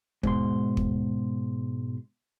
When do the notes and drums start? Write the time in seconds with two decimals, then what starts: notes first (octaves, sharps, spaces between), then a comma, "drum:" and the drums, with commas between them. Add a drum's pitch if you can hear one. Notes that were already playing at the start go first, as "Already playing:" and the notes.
0.23 G#2 B2 C6, drum: kick
0.77 drum: kick